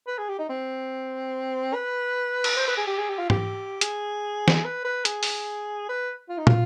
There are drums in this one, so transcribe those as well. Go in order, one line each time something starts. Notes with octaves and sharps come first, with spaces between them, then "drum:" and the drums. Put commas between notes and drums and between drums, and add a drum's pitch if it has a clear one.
B4
G#4
G4
D#4
C4
B4
drum: cymbal
C5
B4
G#4
G4
G#4
G4
F4
G4, drum: tom G#2
G#4, drum: hi-hat
drum: snare
B4
B4
G#4, drum: hi-hat
drum: open hi-hat
B4
F4
D#4
F4, drum: tom